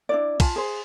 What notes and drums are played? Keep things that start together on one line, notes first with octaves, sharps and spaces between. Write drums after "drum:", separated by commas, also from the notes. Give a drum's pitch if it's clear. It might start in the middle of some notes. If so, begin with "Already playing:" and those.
D4 E4 D5
F4 G#5 A5, drum: kick, cymbal
G#4 C5